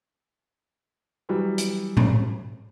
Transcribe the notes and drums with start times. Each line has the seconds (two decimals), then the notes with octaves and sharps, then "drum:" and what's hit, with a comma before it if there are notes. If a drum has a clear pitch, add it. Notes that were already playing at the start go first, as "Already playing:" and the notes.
1.29 E3 F#3 G3
1.58 drum: hi-hat
1.97 drum: tom A2